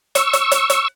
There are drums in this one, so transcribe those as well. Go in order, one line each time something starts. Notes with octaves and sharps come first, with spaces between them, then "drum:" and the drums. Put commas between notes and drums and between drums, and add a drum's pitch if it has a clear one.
C#6 E6, drum: hi-hat
drum: hi-hat
drum: hi-hat
drum: hi-hat